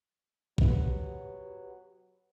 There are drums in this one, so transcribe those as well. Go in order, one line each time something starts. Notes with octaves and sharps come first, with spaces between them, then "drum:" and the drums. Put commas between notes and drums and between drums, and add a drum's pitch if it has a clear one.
F#3 G4 B4 F#5, drum: kick